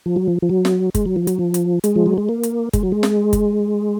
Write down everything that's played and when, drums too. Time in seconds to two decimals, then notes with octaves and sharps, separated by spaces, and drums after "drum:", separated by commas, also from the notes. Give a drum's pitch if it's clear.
0.06 F3
0.16 F#3
0.28 F3
0.42 F3
0.49 F#3
0.65 drum: snare
0.95 G#3, drum: kick F#1, hi-hat
1.06 F#3
1.16 F3
1.27 F#3, drum: hi-hat
1.39 F3
1.54 drum: hi-hat
1.84 G#3, drum: hi-hat
1.96 F3
2.06 F#3
2.18 G#3
2.29 A#3
2.43 drum: hi-hat
2.73 G#3, drum: kick F#1, hi-hat
2.83 F#3
2.92 G#3
3.03 drum: snare
3.33 drum: kick F#1, hi-hat